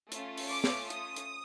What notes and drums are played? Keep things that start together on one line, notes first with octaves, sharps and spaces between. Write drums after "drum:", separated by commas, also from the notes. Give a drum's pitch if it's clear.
A3 C#4 F4, drum: hi-hat
drum: open hi-hat
D6
drum: snare
D#6, drum: hi-hat
drum: hi-hat